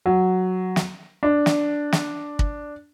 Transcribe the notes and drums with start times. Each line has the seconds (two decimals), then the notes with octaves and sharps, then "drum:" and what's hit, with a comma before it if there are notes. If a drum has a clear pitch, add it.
0.06 F#3
0.76 drum: snare
1.23 D4
1.46 drum: snare
1.92 drum: snare
2.39 drum: kick